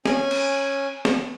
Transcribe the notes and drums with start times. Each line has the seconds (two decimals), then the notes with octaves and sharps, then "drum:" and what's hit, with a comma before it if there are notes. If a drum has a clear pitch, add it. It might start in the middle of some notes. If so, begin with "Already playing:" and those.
0.05 C#4 G#5, drum: snare
0.31 drum: cymbal
1.05 drum: snare